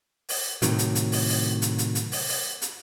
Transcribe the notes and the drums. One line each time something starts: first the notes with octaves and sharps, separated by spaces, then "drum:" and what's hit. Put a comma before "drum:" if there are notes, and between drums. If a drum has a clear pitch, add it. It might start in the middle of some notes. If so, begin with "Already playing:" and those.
drum: open hi-hat
A2 C3 D#3 F#3, drum: hi-hat
drum: hi-hat
drum: hi-hat
drum: open hi-hat
drum: open hi-hat
drum: hi-hat
drum: hi-hat
drum: hi-hat
drum: open hi-hat
drum: open hi-hat
drum: hi-hat